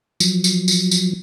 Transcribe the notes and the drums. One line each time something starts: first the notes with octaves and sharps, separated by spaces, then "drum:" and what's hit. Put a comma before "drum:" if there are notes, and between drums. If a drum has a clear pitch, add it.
F3 F#3, drum: tambourine
drum: tambourine
drum: tambourine
drum: tambourine